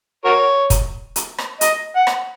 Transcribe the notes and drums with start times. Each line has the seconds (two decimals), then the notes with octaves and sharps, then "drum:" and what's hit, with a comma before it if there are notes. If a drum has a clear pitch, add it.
0.25 F#4 A#4 C#5
0.70 drum: kick, hi-hat
1.16 drum: hi-hat
1.38 drum: rim click
1.61 D#5, drum: hi-hat
1.96 F#5
2.07 drum: rim click